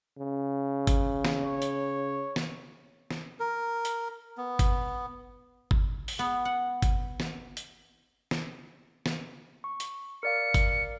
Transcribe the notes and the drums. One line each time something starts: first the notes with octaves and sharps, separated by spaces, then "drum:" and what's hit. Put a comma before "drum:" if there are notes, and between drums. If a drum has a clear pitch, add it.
C#3
drum: kick G1, hi-hat
drum: snare
C#5
drum: hi-hat
drum: snare
drum: snare
A#4
drum: hi-hat
B3
drum: kick G1, hi-hat
drum: kick G1
drum: open hi-hat
B3
F#5
drum: kick G1, hi-hat
drum: snare
drum: hi-hat
drum: snare
drum: snare
C#6
drum: hi-hat
A#4 D5 F5 C#7
drum: kick G1, hi-hat